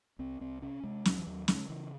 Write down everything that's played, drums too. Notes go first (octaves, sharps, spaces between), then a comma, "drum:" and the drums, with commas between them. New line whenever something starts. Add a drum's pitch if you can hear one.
C2 C4
C2 C4
C3 C#4
C3 G#3
D#2 F#3, drum: snare
E3
D#2 F#3
C#3 G#3, drum: snare
C#3 E3